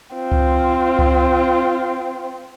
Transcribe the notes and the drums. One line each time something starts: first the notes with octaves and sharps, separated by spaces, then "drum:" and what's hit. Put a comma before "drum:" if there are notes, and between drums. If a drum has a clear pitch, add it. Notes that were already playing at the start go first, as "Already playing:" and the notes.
C4 F4
drum: kick C#2
drum: kick C#2